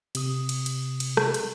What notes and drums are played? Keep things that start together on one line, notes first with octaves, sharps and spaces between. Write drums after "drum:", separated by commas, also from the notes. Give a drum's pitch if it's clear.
C3 D#6, drum: cymbal
drum: cymbal
drum: cymbal
drum: cymbal
drum: rim click
drum: cymbal